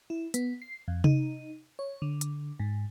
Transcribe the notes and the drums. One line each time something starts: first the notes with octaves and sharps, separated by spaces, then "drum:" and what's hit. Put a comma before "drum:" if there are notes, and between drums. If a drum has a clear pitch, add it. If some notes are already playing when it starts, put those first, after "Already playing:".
E4
B3, drum: hi-hat
C7
F2
D#4, drum: tom C3
C#5
D3
drum: hi-hat
G#2